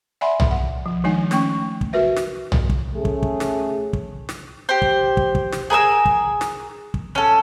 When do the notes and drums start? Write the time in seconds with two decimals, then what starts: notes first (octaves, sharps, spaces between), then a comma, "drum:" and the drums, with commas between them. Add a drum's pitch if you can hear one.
0.21 D5 E5 F#5 G#5 B5 C6
0.40 drum: tom
0.51 F#5
0.86 F3
1.04 D#3 F3 G#3 D4 D#4 G#5
1.31 D#3 A3 C#4 G5 C#6, drum: snare
1.81 drum: kick
1.93 F#4 A#4 B4 E5
2.16 drum: snare
2.52 drum: tom
2.69 drum: kick
2.96 A3 C#4 G#4
3.05 drum: kick
3.23 drum: kick
3.40 drum: snare
3.93 drum: kick
4.29 drum: snare
4.69 G4 C5
4.82 drum: kick
5.17 drum: kick
5.35 drum: kick
5.52 drum: snare
5.70 G#4 A#4 G#5 E6
6.05 drum: kick
6.41 drum: snare
6.94 drum: kick
7.15 C#4 A4